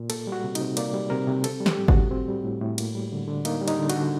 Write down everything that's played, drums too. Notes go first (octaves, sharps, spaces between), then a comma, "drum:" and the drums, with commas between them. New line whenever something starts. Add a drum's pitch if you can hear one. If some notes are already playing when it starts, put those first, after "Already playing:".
Already playing: A#2
A#3 A4, drum: cymbal
G3 F#4
C3
D#4, drum: cymbal
C3
A#3 D5, drum: cymbal
G3
C3 A#4
C3
C4 A4, drum: cymbal
G3
G4, drum: snare
A2
F#4, drum: kick G1
A2
C4
G3
A2
A2
A#3, drum: cymbal
G3
D3
D3
A#3 D#4, drum: cymbal
G3
D#4, drum: cymbal
D3
F#4, drum: cymbal
D3